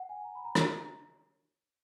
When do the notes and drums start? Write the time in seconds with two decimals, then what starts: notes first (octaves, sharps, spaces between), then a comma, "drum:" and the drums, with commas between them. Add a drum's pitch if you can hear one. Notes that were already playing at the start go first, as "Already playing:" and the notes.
Already playing: F#5
0.09 G#5
0.24 A#5
0.35 B5
0.45 A#5
0.55 drum: rim click